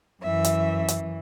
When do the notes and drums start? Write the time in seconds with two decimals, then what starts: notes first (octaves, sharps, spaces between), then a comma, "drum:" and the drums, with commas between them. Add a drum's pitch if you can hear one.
0.22 F#2 E3 E5
0.44 drum: hi-hat
0.88 drum: hi-hat